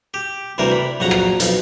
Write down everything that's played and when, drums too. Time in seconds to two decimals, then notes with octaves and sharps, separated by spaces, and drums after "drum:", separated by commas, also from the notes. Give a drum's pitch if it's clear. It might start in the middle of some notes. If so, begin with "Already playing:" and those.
0.14 G4
0.58 D2 C3 E3 G3 A#4
0.72 B5
1.00 A#1 F2 F#3 F#5 A#5
1.11 drum: rim click
1.40 B1 F2, drum: hi-hat